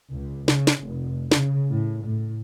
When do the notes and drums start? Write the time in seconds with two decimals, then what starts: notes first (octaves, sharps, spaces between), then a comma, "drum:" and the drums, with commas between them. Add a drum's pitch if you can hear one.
0.10 C#2
0.48 C#3, drum: snare
0.67 drum: snare
0.84 F1
1.31 C#3, drum: snare
1.72 A2
2.03 A2